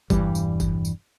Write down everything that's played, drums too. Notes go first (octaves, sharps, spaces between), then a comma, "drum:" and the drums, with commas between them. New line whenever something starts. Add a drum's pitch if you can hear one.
E1 G2 E3 G3, drum: kick G1, tambourine
drum: tambourine
drum: kick G1, tambourine
drum: tambourine